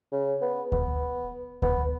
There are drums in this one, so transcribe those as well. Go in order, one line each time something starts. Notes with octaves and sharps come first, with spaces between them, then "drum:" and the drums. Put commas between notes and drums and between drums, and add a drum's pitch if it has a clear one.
C#3
B3
B3, drum: kick D2
B3, drum: kick D2